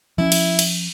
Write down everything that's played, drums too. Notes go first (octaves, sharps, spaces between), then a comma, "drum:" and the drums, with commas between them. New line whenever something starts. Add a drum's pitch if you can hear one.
F3 C#4 E4
drum: cymbal
drum: cymbal